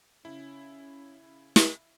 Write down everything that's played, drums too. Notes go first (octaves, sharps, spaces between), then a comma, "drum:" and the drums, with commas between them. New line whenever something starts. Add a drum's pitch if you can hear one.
C#3 C#4 E4
drum: snare